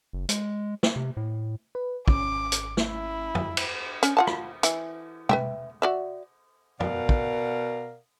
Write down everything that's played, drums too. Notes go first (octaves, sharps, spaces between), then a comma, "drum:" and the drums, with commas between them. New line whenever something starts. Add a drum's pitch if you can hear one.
F#1
G#3, drum: hi-hat
drum: snare
C3
A2
B4
G#1 C#4 D6, drum: kick
drum: hi-hat
drum: snare
E4
drum: tom
drum: cymbal
C#4, drum: hi-hat
F4 F#5 A5
drum: rim click
E3 E5, drum: hi-hat
B4 E5 G5, drum: tom
F#4 D5 E5
B2 A#4 D5 F5 F#5, drum: tom
drum: kick